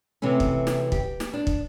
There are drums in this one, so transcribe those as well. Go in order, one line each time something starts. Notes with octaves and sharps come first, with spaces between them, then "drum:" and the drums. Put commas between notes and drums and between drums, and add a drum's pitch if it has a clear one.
C3 E3 A3 C#4
drum: kick
drum: snare
G4, drum: kick
drum: snare
D4
drum: kick